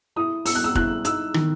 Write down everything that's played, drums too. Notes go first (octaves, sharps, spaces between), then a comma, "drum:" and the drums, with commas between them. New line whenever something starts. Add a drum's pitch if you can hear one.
E4 D#6
E4 E6, drum: open hi-hat
F#6
E6
E4 F#6, drum: kick
D#4 E6, drum: hi-hat
D#3, drum: rim click